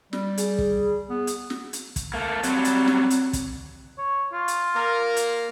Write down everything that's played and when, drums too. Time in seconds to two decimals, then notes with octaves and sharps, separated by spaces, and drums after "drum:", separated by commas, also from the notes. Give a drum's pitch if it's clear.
0.13 G3, drum: snare
0.38 G#4, drum: hi-hat
0.59 drum: kick
1.10 B3
1.27 drum: hi-hat
1.50 drum: snare
1.73 drum: hi-hat
1.96 drum: kick, hi-hat
2.14 A3 A#3
2.43 F#3 G3 C4, drum: hi-hat
2.65 drum: hi-hat
2.88 drum: snare
3.10 drum: hi-hat
3.33 drum: kick, hi-hat
3.98 C#5
4.33 F4
4.48 drum: hi-hat
4.75 A#3 A#4
5.17 drum: hi-hat